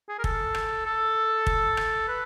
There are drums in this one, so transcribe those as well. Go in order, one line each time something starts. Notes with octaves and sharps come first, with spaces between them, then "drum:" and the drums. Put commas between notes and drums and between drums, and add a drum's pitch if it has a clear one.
G#4
A#4
A4, drum: kick
drum: rim click
A4
drum: kick
drum: rim click
B4